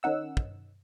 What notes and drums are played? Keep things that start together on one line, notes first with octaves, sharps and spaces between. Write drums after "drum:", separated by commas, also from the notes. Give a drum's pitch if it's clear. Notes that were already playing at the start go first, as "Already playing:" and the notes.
D#3 C#4 D#4 F#5 E6
drum: kick